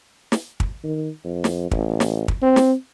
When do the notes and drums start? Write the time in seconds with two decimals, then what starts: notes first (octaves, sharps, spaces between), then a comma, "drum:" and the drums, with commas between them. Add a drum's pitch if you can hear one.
0.32 drum: snare
0.60 drum: kick
0.84 D#3
1.24 F2
1.44 drum: snare
1.71 A1, drum: kick
2.00 drum: snare
2.28 drum: kick
2.42 C4
2.56 drum: snare